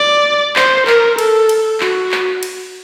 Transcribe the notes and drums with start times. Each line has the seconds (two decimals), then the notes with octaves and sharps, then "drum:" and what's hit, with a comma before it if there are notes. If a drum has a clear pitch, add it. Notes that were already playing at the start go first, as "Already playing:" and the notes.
Already playing: D5
0.56 C5, drum: clap
0.87 A#4, drum: clap
1.19 A4, drum: cymbal
1.49 drum: cymbal
1.80 F#4, drum: clap
2.12 drum: clap
2.43 drum: cymbal